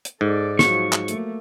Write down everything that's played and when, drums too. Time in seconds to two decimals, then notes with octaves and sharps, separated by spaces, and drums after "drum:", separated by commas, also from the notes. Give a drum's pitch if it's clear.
0.05 drum: hi-hat
0.21 G#2 A4 D5
0.59 F3 F#3 C#6, drum: snare
0.93 drum: clap
1.08 A3 A#3, drum: hi-hat